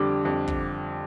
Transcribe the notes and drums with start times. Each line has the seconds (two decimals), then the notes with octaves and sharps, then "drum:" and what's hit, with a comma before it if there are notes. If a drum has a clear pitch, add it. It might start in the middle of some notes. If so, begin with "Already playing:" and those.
Already playing: F2 D3 G3 D6
0.25 F2
0.48 drum: kick